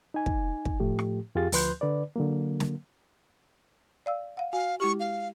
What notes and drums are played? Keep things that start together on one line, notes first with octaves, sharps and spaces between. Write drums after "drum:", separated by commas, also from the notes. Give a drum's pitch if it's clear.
D#4 G#5
drum: kick
drum: kick
A2 F3 A3 G4
drum: rim click
F2 F4 G4 G#4 F5 A6
D2 F3 B4 C6 F#6 G6, drum: open hi-hat
D3 B4 D5
D3 F#3 A#3
drum: snare
D5 F5 E6
F5 F#5
F#4 F5 G#5
G#3 E4 G4 C#6
F5